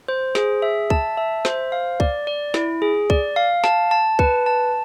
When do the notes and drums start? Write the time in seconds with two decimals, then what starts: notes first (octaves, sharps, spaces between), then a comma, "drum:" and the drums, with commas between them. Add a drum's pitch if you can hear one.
0.08 C5
0.35 G#4, drum: snare
0.62 E5
0.90 A5, drum: kick
1.17 E5
1.45 C5, drum: snare
1.72 F5
2.00 D5, drum: kick
2.27 D5
2.54 E4, drum: snare
2.82 G#4
3.10 D5, drum: kick
3.36 F5
3.64 A5, drum: snare
3.91 A5
4.19 B4, drum: kick
4.46 A5